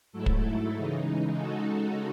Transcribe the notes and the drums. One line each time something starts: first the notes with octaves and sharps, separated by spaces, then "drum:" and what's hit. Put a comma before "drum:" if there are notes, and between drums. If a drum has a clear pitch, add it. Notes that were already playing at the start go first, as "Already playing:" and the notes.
G#2 F#3 A3 E4 A4
drum: kick
C#3 E3 G#3 D#4
C#3 G#3 D#4 F#4 A4